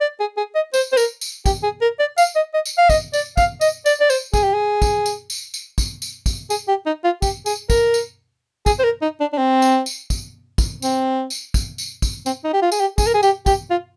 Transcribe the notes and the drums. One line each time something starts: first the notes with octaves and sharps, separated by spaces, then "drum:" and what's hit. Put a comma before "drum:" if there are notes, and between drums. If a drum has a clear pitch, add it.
D5
G#4
G#4
D#5
C5, drum: tambourine
C5
A#4, drum: tambourine
drum: tambourine
G4, drum: kick, tambourine
G#4
A#4
D5
F5, drum: tambourine
D#5
D#5
drum: tambourine
F5
D#5, drum: kick, tambourine
D5, drum: tambourine
F5, drum: kick, tambourine
D#5, drum: tambourine
D5, drum: tambourine
D5
C5, drum: tambourine
G#4, drum: kick, tambourine
G4
G#4
drum: kick, tambourine
drum: tambourine
drum: tambourine
drum: tambourine
drum: kick, tambourine
drum: tambourine
drum: kick, tambourine
G#4, drum: tambourine
G4
D#4
F4
G4, drum: kick, tambourine
G#4, drum: tambourine
A#4, drum: kick, tambourine
drum: tambourine
G#4, drum: kick, tambourine
C5
A#4
D#4
D4
D4
C4
drum: tambourine
drum: tambourine
drum: kick, tambourine
drum: kick, tambourine
C4, drum: tambourine
drum: tambourine
drum: kick, tambourine
drum: tambourine
drum: kick, tambourine
C4, drum: tambourine
D#4
G4
F4
G#4, drum: tambourine
G4
G#4, drum: kick, tambourine
A#4
G#4
G4, drum: tambourine
G4, drum: kick, tambourine
F4